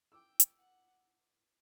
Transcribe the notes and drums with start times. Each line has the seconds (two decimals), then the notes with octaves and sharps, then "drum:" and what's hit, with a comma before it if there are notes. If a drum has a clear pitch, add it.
0.12 G5 D6 E6
0.40 drum: hi-hat
0.58 F#5